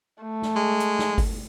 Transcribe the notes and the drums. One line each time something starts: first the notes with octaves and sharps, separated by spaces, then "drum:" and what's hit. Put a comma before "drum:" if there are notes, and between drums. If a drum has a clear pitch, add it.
A3
drum: snare
G#3
drum: hi-hat
drum: snare
drum: kick G1, open hi-hat